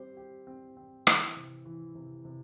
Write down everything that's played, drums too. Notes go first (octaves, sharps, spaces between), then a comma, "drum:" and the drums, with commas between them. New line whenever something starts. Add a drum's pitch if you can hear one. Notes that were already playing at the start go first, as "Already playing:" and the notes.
Already playing: G3 C4 G4 C5
G4
C4
C4
E3, drum: rim click
C3
E3
C3
C3